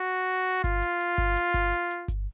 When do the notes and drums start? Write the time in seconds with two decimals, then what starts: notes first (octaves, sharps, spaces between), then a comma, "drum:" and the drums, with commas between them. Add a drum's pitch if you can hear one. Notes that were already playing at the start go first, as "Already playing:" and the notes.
Already playing: F#4
0.64 F4, drum: kick G1, hi-hat
0.82 drum: hi-hat
1.00 drum: hi-hat
1.18 drum: kick G1
1.36 drum: hi-hat
1.54 drum: kick G1, hi-hat
1.72 drum: hi-hat
1.90 drum: hi-hat
2.08 drum: kick G1, hi-hat